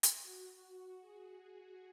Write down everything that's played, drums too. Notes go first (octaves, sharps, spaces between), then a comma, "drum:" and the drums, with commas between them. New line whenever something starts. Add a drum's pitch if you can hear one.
drum: hi-hat
F#4
G#4
G#4